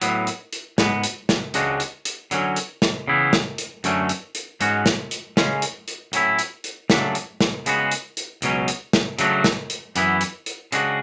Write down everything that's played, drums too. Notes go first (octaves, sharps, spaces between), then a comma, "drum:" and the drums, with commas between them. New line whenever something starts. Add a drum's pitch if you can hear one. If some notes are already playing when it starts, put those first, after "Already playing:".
A2 F#3 B3, drum: hi-hat
drum: hi-hat
drum: hi-hat
G#2 G#3 B3, drum: snare
drum: hi-hat
drum: snare
C#2 C#3 G#3 D4 F#4, drum: hi-hat
drum: hi-hat
drum: hi-hat
D3 F#3 C#4, drum: hi-hat
drum: hi-hat
drum: snare
C#3 E3 B3 E4
drum: snare
drum: hi-hat
F#2 D3 A3 C#4, drum: hi-hat
drum: hi-hat
drum: hi-hat
G#2 G#3 C#4 F#4, drum: hi-hat
drum: snare
drum: hi-hat
C#3 G#3 C#4, drum: snare
drum: hi-hat
drum: hi-hat
A2 F#3 C#4 E4, drum: hi-hat
drum: hi-hat
drum: hi-hat
C#3 F#3 A3 D4, drum: snare
drum: hi-hat
drum: snare
C#3 G#3 B3 F#4, drum: hi-hat
drum: hi-hat
drum: hi-hat
C#2 B2 F#3 C#4, drum: hi-hat
drum: hi-hat
drum: snare
C#3 F#3 A3 D4 F#4, drum: hi-hat
drum: snare
drum: hi-hat
F#2 E3 B3 E4, drum: hi-hat
drum: hi-hat
drum: hi-hat
C#3 G#3 D4 F#4, drum: hi-hat